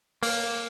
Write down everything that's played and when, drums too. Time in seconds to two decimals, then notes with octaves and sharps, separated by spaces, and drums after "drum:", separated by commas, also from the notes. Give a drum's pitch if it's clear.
0.23 A#3, drum: open hi-hat